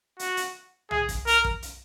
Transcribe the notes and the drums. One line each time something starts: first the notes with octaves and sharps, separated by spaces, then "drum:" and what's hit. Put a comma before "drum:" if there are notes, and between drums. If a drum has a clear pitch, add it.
F#4, drum: hi-hat
drum: hi-hat
G#4, drum: tom C2
drum: kick, hi-hat
A#4, drum: hi-hat
drum: kick
drum: hi-hat